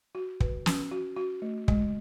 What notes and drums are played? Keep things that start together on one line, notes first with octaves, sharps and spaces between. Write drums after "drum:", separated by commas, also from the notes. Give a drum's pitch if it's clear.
F#4
B4, drum: kick
C#4, drum: snare
F#4
F#4
A3
G#3, drum: kick